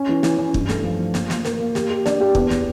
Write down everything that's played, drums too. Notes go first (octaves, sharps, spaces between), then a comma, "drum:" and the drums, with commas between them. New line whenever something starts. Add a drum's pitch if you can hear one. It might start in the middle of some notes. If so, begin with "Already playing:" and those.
Already playing: C#4
E3
E3, drum: snare
C#4
G2, drum: kick
A3, drum: snare
F3
F3
A#3, drum: snare
A#3, drum: snare
A#4, drum: snare
A#3
G4, drum: snare
G4
D4, drum: snare
G4
E2, drum: kick
drum: snare